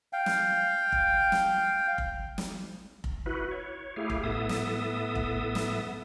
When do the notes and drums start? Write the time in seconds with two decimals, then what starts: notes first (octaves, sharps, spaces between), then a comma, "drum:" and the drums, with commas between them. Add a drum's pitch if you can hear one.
0.13 F5 G5
0.26 drum: snare
0.92 drum: kick F1
1.32 drum: snare
1.98 drum: kick F1
2.38 drum: snare
3.04 drum: kick F1
3.26 E4 F#4 B4
3.51 C#5
3.96 A3 E4 G4 G#4 F5
4.10 drum: kick F1
4.23 A2 B3 A4 E5 D#6
4.49 drum: snare
5.15 drum: kick F1
5.55 drum: snare